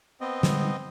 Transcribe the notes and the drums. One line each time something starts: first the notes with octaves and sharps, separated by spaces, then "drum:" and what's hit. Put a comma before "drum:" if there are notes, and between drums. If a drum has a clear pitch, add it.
B3 C4 D#5
D3 G3 G#3, drum: snare